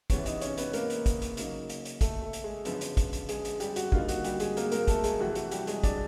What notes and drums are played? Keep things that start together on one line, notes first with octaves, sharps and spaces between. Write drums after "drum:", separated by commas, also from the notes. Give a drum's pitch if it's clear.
E2 C3 E3 G#3 B3 C#4 C#5, drum: kick, hi-hat
D#4 D#5, drum: hi-hat
C#4 C#5, drum: hi-hat
B3 B4, drum: hi-hat
A#3 A#4, drum: hi-hat
drum: hi-hat
drum: kick, hi-hat
drum: hi-hat
C#3 F#3 A#3 D#4, drum: hi-hat
drum: hi-hat
drum: hi-hat
A3 A4, drum: kick, hi-hat
A3 A4
drum: hi-hat
G#3 G#4
F#2 D3 F3 G#3 B3, drum: hi-hat
drum: hi-hat
drum: kick, hi-hat
drum: hi-hat
G#3 G#4, drum: hi-hat
drum: hi-hat
G3 G4, drum: hi-hat
F#4, drum: hi-hat
D3 G3 A#3 D#4 F4, drum: kick
F#4, drum: hi-hat
G3 G4, drum: hi-hat
G#3 G#4, drum: hi-hat
A#3 A#4, drum: hi-hat
A#3 A#4, drum: hi-hat
A3 A4, drum: kick, hi-hat
G#3 G#4, drum: hi-hat
F2 C3 E3 A3 F#4
F#4, drum: hi-hat
G3 G4, drum: hi-hat
G#3 G#4, drum: hi-hat
D4 D5, drum: kick, hi-hat